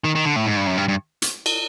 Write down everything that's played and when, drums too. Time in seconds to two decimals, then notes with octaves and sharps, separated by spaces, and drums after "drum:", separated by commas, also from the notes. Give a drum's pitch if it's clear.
0.04 D#3
0.15 D#3
0.25 D3
0.36 A2
0.46 G#2
0.57 G2
0.67 F#2
0.77 G2
0.88 G2
1.22 drum: hi-hat
1.46 drum: cymbal